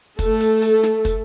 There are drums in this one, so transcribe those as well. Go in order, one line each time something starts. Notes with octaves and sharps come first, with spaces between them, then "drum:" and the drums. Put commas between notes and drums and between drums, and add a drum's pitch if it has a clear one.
A3 A4, drum: kick, hi-hat
drum: hi-hat
drum: hi-hat
drum: snare
drum: kick, hi-hat